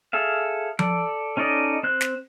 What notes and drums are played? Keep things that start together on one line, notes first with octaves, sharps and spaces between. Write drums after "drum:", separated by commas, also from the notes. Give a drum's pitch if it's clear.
G#4 A4 E5 F5
A4 D5, drum: tom F3
C#4 D#4 A4 D5 D#5
C4 F#6 G6
drum: snare